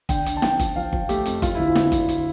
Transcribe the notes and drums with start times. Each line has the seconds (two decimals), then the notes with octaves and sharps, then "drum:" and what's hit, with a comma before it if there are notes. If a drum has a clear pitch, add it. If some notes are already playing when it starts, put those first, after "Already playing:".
0.09 D3 G5, drum: kick G1, hi-hat
0.26 D3, drum: hi-hat
0.37 A5
0.42 F3 G5, drum: snare
0.60 F3, drum: kick G1, hi-hat
0.76 F3 F5
0.93 F3, drum: kick G1
1.09 A3 G4, drum: hi-hat
1.26 F2, drum: hi-hat
1.42 F3 F4, drum: kick G1, hi-hat
1.55 D2 E4
1.67 F4
1.75 D2, drum: snare
1.92 D3, drum: kick G1, hi-hat
2.09 drum: hi-hat